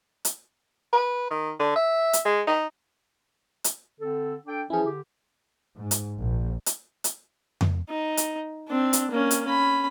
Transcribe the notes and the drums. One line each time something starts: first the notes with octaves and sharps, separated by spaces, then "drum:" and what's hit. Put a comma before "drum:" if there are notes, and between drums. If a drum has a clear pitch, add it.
drum: hi-hat
B4
D#3
D3
E5
drum: hi-hat
G#3
D#4
drum: hi-hat
D3 C4 A4
D4 A4 G5
E3 F3 C#4 E4 G#4
D3 G4
G#2
drum: hi-hat
A#1
drum: hi-hat
drum: hi-hat
drum: tom F2
D#4
drum: hi-hat
C4 D4
drum: hi-hat
A#3 C#4
drum: hi-hat
C#4 B5